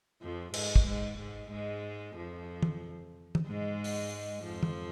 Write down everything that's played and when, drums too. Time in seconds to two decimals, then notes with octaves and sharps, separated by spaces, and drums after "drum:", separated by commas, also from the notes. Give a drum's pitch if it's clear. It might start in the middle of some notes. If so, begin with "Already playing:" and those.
0.22 F2 F3
0.54 G#2 G#3, drum: cymbal
0.76 drum: kick
0.86 G#2 G#3
1.19 G#2 G#3
1.51 G#2 G#3
2.16 F2 F3
2.63 drum: tom E3
3.35 drum: tom E3
3.46 G#2 G#3
3.84 drum: open hi-hat
4.44 F2 F3
4.63 drum: tom E3